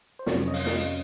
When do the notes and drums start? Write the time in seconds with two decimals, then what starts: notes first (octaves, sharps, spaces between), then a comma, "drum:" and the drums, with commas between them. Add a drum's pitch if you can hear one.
0.19 C5
0.26 F2 C3 F#3 C#4 C#5, drum: snare
0.48 D#5
0.54 F5, drum: open hi-hat
0.66 drum: snare